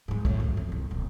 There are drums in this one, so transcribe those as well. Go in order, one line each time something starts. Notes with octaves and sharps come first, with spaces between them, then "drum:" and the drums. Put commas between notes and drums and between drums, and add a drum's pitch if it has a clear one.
G#2 G#3
F#2 A2, drum: kick
F#2
F2
C2
D#1